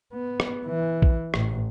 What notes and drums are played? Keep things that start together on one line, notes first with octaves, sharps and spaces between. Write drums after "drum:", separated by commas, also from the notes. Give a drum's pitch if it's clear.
B3
drum: rim click
E3
drum: kick A#1
A1, drum: rim click